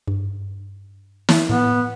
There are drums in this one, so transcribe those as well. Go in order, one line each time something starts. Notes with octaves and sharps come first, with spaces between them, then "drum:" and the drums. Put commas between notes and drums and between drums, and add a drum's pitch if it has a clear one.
G2
drum: snare
A2 B3